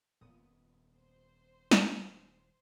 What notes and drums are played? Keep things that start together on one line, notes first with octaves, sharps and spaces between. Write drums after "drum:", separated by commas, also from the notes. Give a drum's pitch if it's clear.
D#1 F2 A#2 B3 D#6
C5
drum: snare